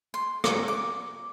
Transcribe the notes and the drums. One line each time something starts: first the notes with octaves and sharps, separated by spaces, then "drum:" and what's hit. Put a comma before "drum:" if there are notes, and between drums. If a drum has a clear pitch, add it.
C6
A#5, drum: rim click
D6